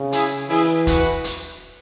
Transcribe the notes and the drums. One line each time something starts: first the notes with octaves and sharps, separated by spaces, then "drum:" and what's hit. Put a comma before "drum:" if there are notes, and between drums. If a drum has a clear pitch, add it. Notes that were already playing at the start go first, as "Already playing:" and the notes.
Already playing: C#3
E4 G#4, drum: hi-hat
E3 E4 G#4, drum: open hi-hat
F#4 B4, drum: kick E1, hi-hat
drum: hi-hat